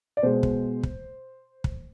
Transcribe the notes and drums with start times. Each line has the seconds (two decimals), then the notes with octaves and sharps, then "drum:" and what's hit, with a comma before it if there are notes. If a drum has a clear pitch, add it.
0.17 D5
0.23 B2 G#3 C5
0.43 drum: kick
0.83 drum: kick
1.64 drum: kick